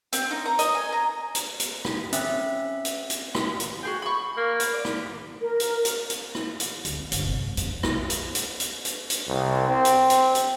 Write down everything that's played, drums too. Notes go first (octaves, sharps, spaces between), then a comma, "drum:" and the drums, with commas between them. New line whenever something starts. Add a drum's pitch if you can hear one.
C4, drum: hi-hat
D#4
A#5
D#5, drum: hi-hat
G#5
A#5
drum: hi-hat
drum: hi-hat
drum: rim click
C4 C#4 E5, drum: hi-hat
drum: hi-hat
drum: hi-hat
drum: rim click
drum: hi-hat
F#4 G#4 G5
B5 C#6
A#3
drum: hi-hat
D5
drum: rim click
A#4
drum: hi-hat
drum: hi-hat
drum: hi-hat
drum: rim click
drum: hi-hat
D2, drum: hi-hat
C#4
G1, drum: hi-hat
C3
G#2
F2, drum: hi-hat
D#4
B1, drum: rim click
drum: hi-hat
drum: hi-hat
drum: hi-hat
drum: hi-hat
drum: hi-hat
C2
C4
drum: hi-hat
drum: hi-hat
drum: hi-hat